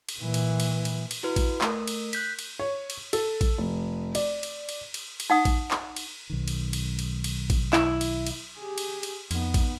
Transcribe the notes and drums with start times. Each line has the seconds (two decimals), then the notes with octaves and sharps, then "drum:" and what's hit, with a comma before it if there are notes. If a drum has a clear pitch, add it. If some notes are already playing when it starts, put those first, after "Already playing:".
0.09 drum: cymbal
0.19 A#2 E3
0.34 drum: cymbal
0.60 drum: cymbal
0.85 drum: cymbal
1.11 drum: cymbal
1.23 E4 F#4 B4
1.36 drum: kick A1, cymbal
1.61 A3 A#4, drum: clap
1.87 drum: cymbal
2.13 F#6 G6 B6, drum: cymbal
2.39 drum: cymbal
2.59 C#5
2.90 drum: cymbal
3.13 A4, drum: cymbal
3.41 drum: kick A1, cymbal
3.58 F1
4.15 D5, drum: cymbal
4.43 drum: cymbal
4.69 drum: cymbal
4.94 drum: cymbal
5.20 drum: cymbal
5.30 D#4 F#5 D#6
5.45 drum: kick A1, cymbal
5.71 drum: clap
5.96 drum: cymbal
6.30 B1 D#3
6.48 drum: cymbal
6.73 drum: cymbal
6.99 drum: cymbal
7.24 drum: cymbal
7.50 drum: kick A1, cymbal
7.73 E4, drum: clap
8.01 drum: cymbal
8.26 drum: cymbal
8.58 G4 G#4
8.78 drum: cymbal
9.03 drum: cymbal
9.31 F2 B3 D#4, drum: cymbal
9.54 drum: kick A1, cymbal